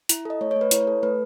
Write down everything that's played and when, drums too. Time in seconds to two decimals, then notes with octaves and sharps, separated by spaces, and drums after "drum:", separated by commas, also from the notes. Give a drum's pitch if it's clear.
0.09 E4, drum: hi-hat
0.25 A4 D#5
0.41 A3 C#5
0.51 C#5
0.56 A3
0.61 B4
0.71 E4 C#5, drum: hi-hat
0.87 A4
1.03 A3 B4